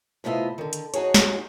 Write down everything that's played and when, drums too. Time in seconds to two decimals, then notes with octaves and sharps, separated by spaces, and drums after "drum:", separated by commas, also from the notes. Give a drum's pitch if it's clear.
0.24 A2 C3 B3 F4 D#5 E5
0.58 D3 D#3
0.73 drum: hi-hat
0.94 D#4 F#4 G#4 C#5, drum: hi-hat
1.14 drum: snare